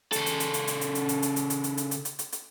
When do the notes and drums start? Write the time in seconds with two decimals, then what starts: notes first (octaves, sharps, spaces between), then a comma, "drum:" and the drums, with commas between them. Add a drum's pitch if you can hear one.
0.12 C#3 A4, drum: hi-hat
0.26 drum: hi-hat
0.40 drum: hi-hat
0.54 drum: hi-hat
0.67 drum: hi-hat
0.81 drum: hi-hat
0.95 drum: hi-hat
1.09 drum: hi-hat
1.22 drum: hi-hat
1.36 drum: hi-hat
1.50 drum: hi-hat
1.64 drum: hi-hat
1.77 drum: hi-hat
1.91 drum: hi-hat
2.05 drum: hi-hat
2.19 drum: hi-hat
2.32 drum: hi-hat